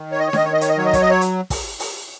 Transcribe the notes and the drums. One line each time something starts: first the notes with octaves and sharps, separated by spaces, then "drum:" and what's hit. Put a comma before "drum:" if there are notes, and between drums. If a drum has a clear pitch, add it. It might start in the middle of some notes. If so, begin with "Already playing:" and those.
Already playing: D#3
C#5
D#5
C#5
D#3 D#5, drum: snare D4
C#5
D#5
C#5, drum: hi-hat
D#5
F#3 C#5
D#5
C#5, drum: kick, hi-hat
D#5
C#5
drum: hi-hat
drum: kick, open hi-hat
drum: open hi-hat